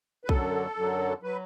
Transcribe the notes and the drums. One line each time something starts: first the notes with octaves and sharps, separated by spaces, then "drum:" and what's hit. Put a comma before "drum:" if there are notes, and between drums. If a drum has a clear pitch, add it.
B4
F#2 D3 F#3 A4, drum: kick B1
F#2 D3 F#3
F#3 B4